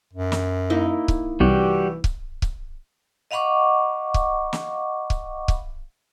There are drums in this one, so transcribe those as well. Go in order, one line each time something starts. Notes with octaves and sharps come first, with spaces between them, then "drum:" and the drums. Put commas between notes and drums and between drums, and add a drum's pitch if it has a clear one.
F#2
drum: snare
A#3 D#4 E4
drum: kick C#1
C2 E3 G3 F#4 G4
drum: kick C#1
drum: kick C#1
D#5 F5 F#5 B5 C#6 D6
drum: kick C#1
drum: snare
drum: kick C#1
drum: kick C#1